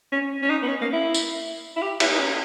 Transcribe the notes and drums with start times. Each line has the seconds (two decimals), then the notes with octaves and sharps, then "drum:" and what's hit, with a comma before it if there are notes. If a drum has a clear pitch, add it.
0.12 C#4
0.42 C#4
0.50 D#4
0.63 B3
0.68 C#4
0.81 A#3
0.93 E4
1.14 drum: tambourine
1.76 E4
1.82 G4
2.00 E4, drum: cymbal
2.12 D#4
2.19 C#4